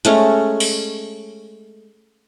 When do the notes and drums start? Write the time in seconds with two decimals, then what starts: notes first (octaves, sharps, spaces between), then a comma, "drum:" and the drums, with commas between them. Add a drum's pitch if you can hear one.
0.05 G#3 A3 C#4 A#5, drum: hi-hat
0.60 drum: open hi-hat